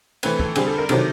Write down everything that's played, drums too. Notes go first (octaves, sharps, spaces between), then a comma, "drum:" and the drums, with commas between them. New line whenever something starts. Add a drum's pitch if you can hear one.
E3 A3 C4 B4, drum: cymbal
A4, drum: kick
D3 G3 C4 G#4, drum: cymbal
A4
A#4
C3 D#3 F#3 A4, drum: cymbal